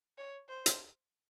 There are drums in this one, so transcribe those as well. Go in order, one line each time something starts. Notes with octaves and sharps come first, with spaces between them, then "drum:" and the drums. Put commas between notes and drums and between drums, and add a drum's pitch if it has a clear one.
C#5
C5
drum: hi-hat